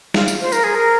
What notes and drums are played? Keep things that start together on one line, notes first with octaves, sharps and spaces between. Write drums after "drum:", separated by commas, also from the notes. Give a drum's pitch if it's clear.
F4, drum: snare
drum: tambourine
C5
A#4, drum: tambourine
G#4
A#4